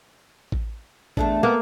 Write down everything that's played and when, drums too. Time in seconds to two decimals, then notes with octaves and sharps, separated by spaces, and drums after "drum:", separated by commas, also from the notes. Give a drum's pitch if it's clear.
0.52 drum: kick A1
1.17 E2 A3 D4, drum: kick A1
1.43 A#3 B3